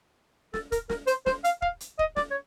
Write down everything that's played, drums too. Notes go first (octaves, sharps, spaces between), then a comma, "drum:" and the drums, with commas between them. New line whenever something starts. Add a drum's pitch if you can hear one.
A4, drum: snare
A#4, drum: kick, hi-hat
A#4, drum: snare
C5, drum: hi-hat
C5, drum: snare
F5, drum: hi-hat
F5, drum: kick
drum: hi-hat
D#5, drum: kick
D5, drum: snare
C#5